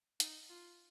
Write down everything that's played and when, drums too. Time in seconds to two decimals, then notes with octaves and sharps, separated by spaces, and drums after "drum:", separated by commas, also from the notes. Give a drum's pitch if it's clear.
0.20 D#4, drum: hi-hat
0.50 F4